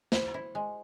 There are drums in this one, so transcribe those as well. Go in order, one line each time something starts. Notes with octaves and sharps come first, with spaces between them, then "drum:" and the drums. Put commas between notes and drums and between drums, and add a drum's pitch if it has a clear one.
E4 C5, drum: snare
E4
G#3